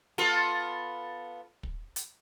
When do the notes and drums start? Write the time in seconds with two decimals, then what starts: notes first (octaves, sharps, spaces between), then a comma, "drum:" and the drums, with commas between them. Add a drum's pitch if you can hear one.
0.18 B3 F4 A4, drum: snare
1.63 drum: kick
1.96 drum: hi-hat